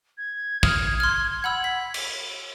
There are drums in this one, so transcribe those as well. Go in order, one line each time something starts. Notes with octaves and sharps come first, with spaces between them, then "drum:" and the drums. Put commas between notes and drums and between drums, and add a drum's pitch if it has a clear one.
G#6
D#6 F6, drum: kick
C6 F6
F#5 B5 E6
B6
drum: cymbal